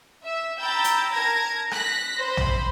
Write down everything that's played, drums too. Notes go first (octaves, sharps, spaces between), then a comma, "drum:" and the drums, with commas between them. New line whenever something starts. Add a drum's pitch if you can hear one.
E5
G5 A#5 B5 E6 G6 A6
drum: hi-hat
A#4 A5 G#6 A#6
F#6 A#6 B6, drum: rim click
C5 B5
drum: tom